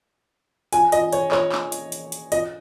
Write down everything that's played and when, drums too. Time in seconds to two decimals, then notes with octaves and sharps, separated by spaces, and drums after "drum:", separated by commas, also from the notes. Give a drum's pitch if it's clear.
0.73 G#5, drum: hi-hat
0.92 D#5, drum: hi-hat
1.13 C#5, drum: hi-hat
1.32 C#5, drum: clap
1.52 drum: clap
1.72 drum: hi-hat
1.92 drum: hi-hat
2.12 drum: hi-hat
2.32 D#5, drum: hi-hat